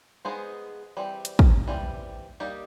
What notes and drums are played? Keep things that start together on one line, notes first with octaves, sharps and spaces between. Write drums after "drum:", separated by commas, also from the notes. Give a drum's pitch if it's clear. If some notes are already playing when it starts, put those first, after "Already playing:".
G#3 B3 D#4 G#4 C5
E3 G3 C4
drum: hi-hat
drum: kick
E3 G3 C4
G3 A#3 D#4 G4